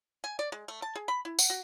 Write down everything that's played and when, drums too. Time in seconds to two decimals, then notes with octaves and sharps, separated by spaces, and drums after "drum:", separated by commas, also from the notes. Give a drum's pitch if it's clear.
0.24 G#5
0.39 D5
0.52 G#3
0.68 A3
0.82 A5
0.95 G#4
1.08 B5
1.25 E4
1.39 F#5, drum: tambourine
1.50 F#4